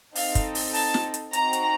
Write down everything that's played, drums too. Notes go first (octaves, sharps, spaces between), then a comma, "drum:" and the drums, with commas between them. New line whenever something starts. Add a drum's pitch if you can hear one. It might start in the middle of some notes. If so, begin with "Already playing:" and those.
C4 D#4 A4 F5, drum: open hi-hat
drum: kick, hi-hat
drum: open hi-hat
A5, drum: open hi-hat
drum: snare
drum: hi-hat
C4 D#4 F#4 A#5, drum: hi-hat
drum: hi-hat